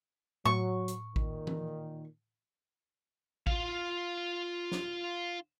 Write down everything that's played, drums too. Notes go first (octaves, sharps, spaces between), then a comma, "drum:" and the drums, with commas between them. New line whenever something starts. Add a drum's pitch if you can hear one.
A2 F#3 C#6
drum: hi-hat
A#2 D#3, drum: kick A1
drum: tom E3
F4 F5, drum: kick A1
drum: snare